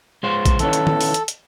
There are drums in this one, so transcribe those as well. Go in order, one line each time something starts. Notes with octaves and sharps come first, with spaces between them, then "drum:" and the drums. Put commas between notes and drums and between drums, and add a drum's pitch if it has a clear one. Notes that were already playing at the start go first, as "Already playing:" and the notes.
G#3 F4 C5
drum: kick A#1, hi-hat
D#3 E3 C#4 A4, drum: hi-hat
drum: hi-hat
drum: tom
drum: open hi-hat
drum: hi-hat
drum: hi-hat